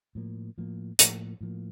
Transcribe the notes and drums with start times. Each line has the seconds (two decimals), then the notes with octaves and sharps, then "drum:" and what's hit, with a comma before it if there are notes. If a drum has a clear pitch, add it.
0.15 A2 F3 A#3
0.58 A2 F3 A#3
0.99 A2 F3 A#3, drum: hi-hat
1.41 A2 F3 A#3